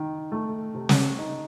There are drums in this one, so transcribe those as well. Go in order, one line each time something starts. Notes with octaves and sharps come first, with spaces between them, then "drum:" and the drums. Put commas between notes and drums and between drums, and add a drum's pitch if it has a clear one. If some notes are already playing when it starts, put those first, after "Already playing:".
Already playing: D#3
A3
C3
drum: snare
D#4